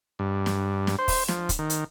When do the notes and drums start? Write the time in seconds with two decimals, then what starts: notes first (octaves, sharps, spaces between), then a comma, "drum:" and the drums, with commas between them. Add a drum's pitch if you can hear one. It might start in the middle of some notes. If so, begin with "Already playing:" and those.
0.19 G2
0.46 drum: snare
0.87 drum: snare
0.99 C5
1.08 drum: kick, open hi-hat
1.28 F3, drum: snare
1.49 drum: kick, hi-hat
1.59 D#3
1.70 drum: hi-hat